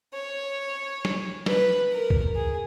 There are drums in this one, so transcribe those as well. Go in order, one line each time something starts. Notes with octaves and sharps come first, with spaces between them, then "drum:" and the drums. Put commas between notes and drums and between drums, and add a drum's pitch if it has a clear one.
C#5
drum: snare
B4, drum: snare
A#4
drum: kick C#2
G#4